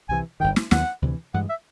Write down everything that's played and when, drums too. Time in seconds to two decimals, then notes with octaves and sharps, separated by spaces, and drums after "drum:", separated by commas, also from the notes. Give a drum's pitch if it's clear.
0.09 C2 C3 E3 G#5
0.40 G1 G2 D#3 G5
0.56 drum: snare
0.71 D#2 D#3 F#3 B3 F#5, drum: snare
1.02 D2 C3 E3
1.34 G2 E3 G#3 F#5
1.49 E5